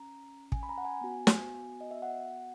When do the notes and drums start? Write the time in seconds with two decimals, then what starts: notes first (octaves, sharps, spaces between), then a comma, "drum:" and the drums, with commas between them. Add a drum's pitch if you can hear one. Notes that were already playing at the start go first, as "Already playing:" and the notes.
Already playing: C#4 A#5
0.52 G#5, drum: kick
0.63 B5
0.69 A#5
0.78 F#5
0.85 G#5
1.01 B3 F#4
1.27 drum: snare
1.81 D#5
1.91 E5
2.02 F#5